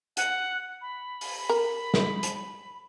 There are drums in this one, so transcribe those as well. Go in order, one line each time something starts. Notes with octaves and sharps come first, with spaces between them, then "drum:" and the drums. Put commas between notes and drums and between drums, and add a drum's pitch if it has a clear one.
F#5, drum: hi-hat
B5
drum: open hi-hat
A#4
drum: snare
drum: hi-hat